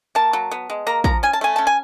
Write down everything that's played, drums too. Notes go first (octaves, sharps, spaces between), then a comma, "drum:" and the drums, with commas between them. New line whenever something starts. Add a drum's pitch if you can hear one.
A#3 A5
F#3
B3
G#3
A#3 A#5
F3 A#5, drum: kick
C#4 G#5
A5
A3 G#5
C#4 A5
G#5